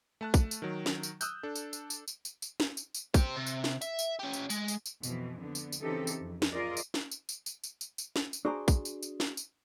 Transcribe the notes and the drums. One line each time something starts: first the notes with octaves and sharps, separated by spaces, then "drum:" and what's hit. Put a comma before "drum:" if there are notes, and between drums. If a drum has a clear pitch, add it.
A3 A5 F#6
drum: kick, tambourine
drum: tambourine
D#3 F#3
drum: snare
drum: tambourine
D#6 E6 F#6 G6, drum: tambourine
D4 A4
drum: tambourine
drum: tambourine
drum: tambourine
drum: tambourine
drum: tambourine
drum: tambourine
drum: snare
drum: tambourine
drum: tambourine
G4 C5, drum: kick, tambourine
C3
drum: tambourine
drum: snare
E5, drum: tambourine
drum: tambourine
C#4 G4
drum: tambourine
G#3, drum: tambourine
drum: tambourine
drum: tambourine
F2 B2 E3, drum: tambourine
D3 B3
drum: tambourine
drum: tambourine
C#3 E3 C4 D#4 G4 A4
drum: tambourine
F2
drum: snare
F4 G#4 A#4 D5 D#5
drum: tambourine
drum: snare
drum: tambourine
drum: tambourine
drum: tambourine
drum: tambourine
drum: tambourine
drum: tambourine
drum: snare
drum: tambourine
D4 F#4 G#4 C5 D5 A#5
drum: kick, tambourine
drum: tambourine
drum: tambourine
drum: snare
drum: tambourine